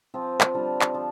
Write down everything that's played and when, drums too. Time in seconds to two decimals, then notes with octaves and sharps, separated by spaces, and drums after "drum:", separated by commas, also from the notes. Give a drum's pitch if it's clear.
0.14 F3 C4 F4
0.41 drum: clap
0.54 D3 G3 D4 F4
0.81 drum: clap
0.94 F3